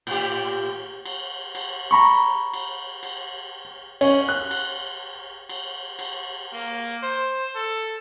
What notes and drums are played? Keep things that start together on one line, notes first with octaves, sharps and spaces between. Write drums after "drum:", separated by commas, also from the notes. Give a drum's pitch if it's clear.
A2 G4, drum: cymbal
drum: cymbal
drum: cymbal
A#5 B5 C#6
drum: cymbal
drum: cymbal
C#4, drum: cymbal
F#6
drum: cymbal
drum: cymbal
drum: cymbal
A#3
C5
A4